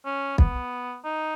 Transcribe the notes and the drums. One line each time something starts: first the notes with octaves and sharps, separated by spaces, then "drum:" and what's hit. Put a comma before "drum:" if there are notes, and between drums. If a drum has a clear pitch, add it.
C#4
B3, drum: kick
D#4